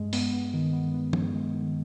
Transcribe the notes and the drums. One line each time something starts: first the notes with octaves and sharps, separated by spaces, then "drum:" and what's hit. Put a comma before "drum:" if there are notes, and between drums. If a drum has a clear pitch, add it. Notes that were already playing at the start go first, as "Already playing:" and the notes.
Already playing: G2 G#3
B3, drum: open hi-hat
B3
D#3
B3
B3
G2, drum: tom
G#3
D#3